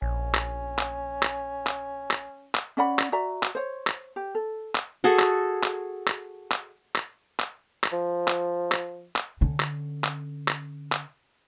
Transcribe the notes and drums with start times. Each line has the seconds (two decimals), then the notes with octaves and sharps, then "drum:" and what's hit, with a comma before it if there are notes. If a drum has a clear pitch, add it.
0.02 A#1 C#4
0.35 drum: clap
0.79 drum: clap
1.23 drum: clap
1.67 drum: clap
2.11 drum: clap
2.55 drum: clap
2.77 C#4 D5 F#5 B5
2.99 drum: clap
3.12 F#4 D5 E5 A#5
3.43 drum: clap
3.55 C5 C#5
3.87 drum: clap
4.16 G4
4.35 A4
4.75 drum: clap
5.04 F#4 G#4 A4
5.19 drum: clap
5.63 drum: clap
6.07 drum: clap
6.52 drum: clap
6.96 drum: clap
7.40 drum: clap
7.84 drum: clap
7.93 F3
8.28 drum: clap
8.72 drum: clap
9.16 drum: clap
9.41 D3 C#4
9.60 drum: clap
10.04 drum: clap
10.48 drum: clap
10.92 drum: clap